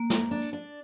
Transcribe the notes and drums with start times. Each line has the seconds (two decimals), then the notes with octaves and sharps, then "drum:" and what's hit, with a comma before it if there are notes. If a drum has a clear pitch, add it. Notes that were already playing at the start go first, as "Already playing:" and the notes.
Already playing: A#3
0.10 D2, drum: snare
0.31 D4
0.42 drum: tambourine
0.53 D4